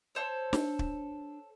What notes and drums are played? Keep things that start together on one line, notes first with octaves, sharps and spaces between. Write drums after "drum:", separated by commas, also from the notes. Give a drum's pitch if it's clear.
A4 C5 C#5
D4, drum: snare
drum: kick